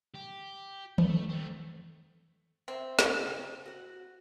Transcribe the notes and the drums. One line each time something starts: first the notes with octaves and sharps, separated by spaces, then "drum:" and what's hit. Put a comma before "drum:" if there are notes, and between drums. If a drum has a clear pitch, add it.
G4
A3, drum: tom D#3
A3 C4
C4 E5
drum: snare
C#3 E3 C#4
F#4 F#5